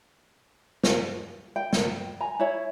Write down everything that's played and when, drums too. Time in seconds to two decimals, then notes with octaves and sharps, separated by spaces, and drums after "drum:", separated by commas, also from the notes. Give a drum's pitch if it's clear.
0.83 drum: snare
1.56 G5
1.73 drum: snare
2.20 G#5 A#5
2.39 E4 C#5